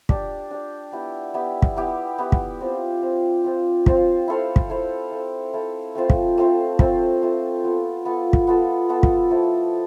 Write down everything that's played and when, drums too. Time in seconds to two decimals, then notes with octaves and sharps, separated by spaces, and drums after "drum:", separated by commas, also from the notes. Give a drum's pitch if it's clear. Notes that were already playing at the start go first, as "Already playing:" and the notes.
0.09 D4 G4 D5, drum: kick
0.51 D4 G4 D5
0.92 B3 E4 G4
1.34 B3 E4 G4
1.62 drum: kick
1.76 B3 E4 G4
2.18 B3 E4 G4
2.32 drum: kick
2.60 C4 F4 C5
3.02 C4 F4 C5
3.44 C4 F4 C5
3.86 C4 F4 C5, drum: kick
4.28 E4 A4 C5 F5
4.56 drum: kick
4.70 E4 A4 C5 F5
5.11 E4 A4 C5 F5
5.53 E4 A4 C5 F5
5.95 A3 C4 F4 C5
6.10 drum: kick
6.38 A3 C4 F4 C5
6.79 A3 C4 F4 C5, drum: kick
7.22 A3 C4 F4 C5
7.64 B3 F4 A4
8.05 B3 F4 A4
8.33 drum: kick
8.47 B3 F4 A4
8.89 B3 F4 A4
9.03 drum: kick
9.30 F3 A3 E4